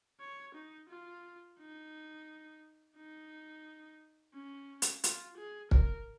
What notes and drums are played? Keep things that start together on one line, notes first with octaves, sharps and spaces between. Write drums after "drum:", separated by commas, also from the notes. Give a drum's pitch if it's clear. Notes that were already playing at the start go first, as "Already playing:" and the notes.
C#5
D#4
F4
D#4
D#4
C#4
drum: hi-hat
F4, drum: hi-hat
G#4
A#4, drum: kick